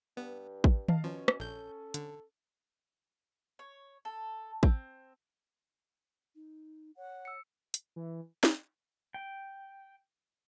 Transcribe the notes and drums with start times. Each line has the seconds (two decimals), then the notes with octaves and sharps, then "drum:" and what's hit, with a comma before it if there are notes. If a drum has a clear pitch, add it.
0.17 G2 B3
0.64 drum: kick
0.88 D#5 F5 A5, drum: tom D#3
1.04 B2 F3 C#4
1.28 drum: rim click
1.40 A#1 A4 G6
1.94 D3, drum: hi-hat
3.59 C#5
4.05 A4
4.63 C4, drum: kick
6.35 D#4
6.97 C#5 F#5
7.25 E6 C#7
7.74 drum: hi-hat
7.96 E3
8.43 drum: snare
9.14 G5